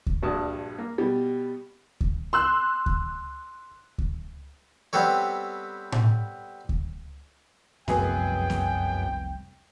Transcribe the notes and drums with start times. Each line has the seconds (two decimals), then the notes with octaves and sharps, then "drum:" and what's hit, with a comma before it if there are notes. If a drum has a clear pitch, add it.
0.06 drum: kick D2
0.23 A#1 G2 F#4 A5 D#6
0.79 A#3
0.98 B2 G3
2.01 drum: kick D2
2.33 C6 E6 F#6
2.86 drum: kick D2
3.98 drum: kick D2
4.93 G3 B3 C4 A4 C#5
5.92 drum: tom A2
6.69 drum: kick D2
7.88 F1 C2 F#2 F#3 B3 G#4 G5, drum: snare A#3
8.50 drum: snare A#3